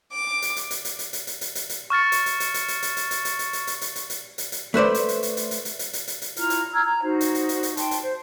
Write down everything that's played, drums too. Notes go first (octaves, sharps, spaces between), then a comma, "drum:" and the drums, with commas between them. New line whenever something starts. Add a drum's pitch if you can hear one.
D6
drum: hi-hat
drum: hi-hat
drum: hi-hat
drum: hi-hat
drum: hi-hat
drum: hi-hat
drum: hi-hat
drum: hi-hat
drum: hi-hat
drum: hi-hat
C#6 F6 A6 C#7
drum: hi-hat
drum: hi-hat
drum: hi-hat
drum: hi-hat
drum: hi-hat
drum: hi-hat
drum: hi-hat
drum: hi-hat
drum: hi-hat
drum: hi-hat
drum: hi-hat
drum: hi-hat
drum: hi-hat
drum: hi-hat
drum: hi-hat
drum: hi-hat
drum: hi-hat
A3 B4 C5 D5
drum: hi-hat
drum: hi-hat
drum: hi-hat
drum: hi-hat
drum: hi-hat
drum: hi-hat
drum: hi-hat
drum: hi-hat
drum: hi-hat
drum: hi-hat
E4 F4 A#5 F6, drum: hi-hat
drum: hi-hat
A#5 E6 F6 G#6
A#5
D#4 F#4 C5
drum: hi-hat
drum: hi-hat
drum: hi-hat
drum: hi-hat
G5 A5 C6, drum: hi-hat
drum: hi-hat
C5